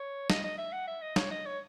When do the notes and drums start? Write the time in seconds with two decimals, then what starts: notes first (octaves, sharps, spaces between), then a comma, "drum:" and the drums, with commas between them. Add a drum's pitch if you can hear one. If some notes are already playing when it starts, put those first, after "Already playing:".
Already playing: C#5
0.30 D#5, drum: snare
0.44 D#5
0.58 E5
0.73 F#5
0.88 E5
1.02 D#5
1.16 C#5, drum: snare
1.31 D#5
1.46 C#5